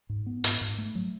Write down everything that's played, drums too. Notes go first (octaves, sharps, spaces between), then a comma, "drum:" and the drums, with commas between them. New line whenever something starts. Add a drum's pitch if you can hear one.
G#2
B3
G#2, drum: hi-hat
G#2
A3
F#3